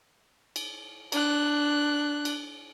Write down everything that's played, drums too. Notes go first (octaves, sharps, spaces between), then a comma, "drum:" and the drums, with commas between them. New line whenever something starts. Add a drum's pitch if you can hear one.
drum: cymbal
D4 F#6, drum: cymbal
drum: cymbal